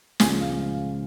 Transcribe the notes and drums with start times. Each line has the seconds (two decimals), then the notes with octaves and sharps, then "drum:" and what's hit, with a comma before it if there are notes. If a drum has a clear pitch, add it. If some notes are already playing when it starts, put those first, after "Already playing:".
0.20 C#2 C#3 F3 G#3 G#5, drum: snare
0.40 F5
0.58 F5